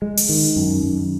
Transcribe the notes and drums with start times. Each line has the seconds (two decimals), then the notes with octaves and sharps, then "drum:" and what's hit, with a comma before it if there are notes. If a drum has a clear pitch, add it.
0.02 G#3
0.17 drum: open hi-hat
0.29 D#3
0.56 F#2
0.84 F#2